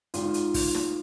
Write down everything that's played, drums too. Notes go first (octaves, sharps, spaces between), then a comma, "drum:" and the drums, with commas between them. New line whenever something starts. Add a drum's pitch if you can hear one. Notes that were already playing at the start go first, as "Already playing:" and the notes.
G#1 G#2 D#3 F4, drum: hi-hat
drum: hi-hat
drum: kick, open hi-hat
drum: snare